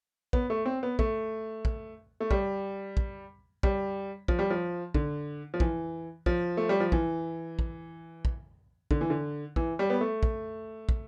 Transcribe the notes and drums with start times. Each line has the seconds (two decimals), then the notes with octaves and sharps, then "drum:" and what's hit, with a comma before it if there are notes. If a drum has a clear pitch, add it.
0.33 B3, drum: kick
0.50 A3
0.66 C4
0.83 B3
0.99 A3, drum: kick
1.65 drum: kick
2.20 A3
2.31 G3, drum: kick
2.97 drum: kick
3.63 G3, drum: kick
4.28 F3, drum: kick
4.39 G3
4.50 F3
4.94 D3, drum: kick
5.54 F3
5.60 E3, drum: kick
6.26 F3, drum: kick
6.57 A3
6.69 G3
6.80 F3
6.92 E3, drum: kick
7.59 drum: kick
8.25 drum: kick
8.91 D3, drum: kick
9.01 E3
9.10 D3
9.56 E3, drum: kick
9.79 G3
9.90 B3
10.01 A3
10.23 drum: kick
10.89 drum: kick